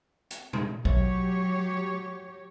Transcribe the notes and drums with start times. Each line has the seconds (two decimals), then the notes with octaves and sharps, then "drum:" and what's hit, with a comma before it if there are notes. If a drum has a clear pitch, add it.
0.31 drum: hi-hat
0.53 drum: tom B2
0.85 F#3 G4 C#5, drum: kick A#1